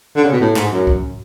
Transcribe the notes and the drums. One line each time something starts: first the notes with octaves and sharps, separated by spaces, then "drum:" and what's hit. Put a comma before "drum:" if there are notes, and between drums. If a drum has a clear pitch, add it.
D3
C#3
B2
A2
G#2, drum: clap
F#2
drum: kick